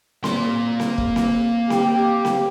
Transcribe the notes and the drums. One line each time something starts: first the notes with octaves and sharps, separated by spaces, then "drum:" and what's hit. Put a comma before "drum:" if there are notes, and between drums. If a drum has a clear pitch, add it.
A#3 C6, drum: snare C4
drum: snare C4
drum: kick
drum: snare C4
G4, drum: snare C4
drum: snare C4